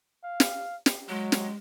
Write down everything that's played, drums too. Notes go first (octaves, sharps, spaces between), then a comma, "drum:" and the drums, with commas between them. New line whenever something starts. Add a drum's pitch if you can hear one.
F5
drum: snare
drum: snare
F#3 G#3
drum: snare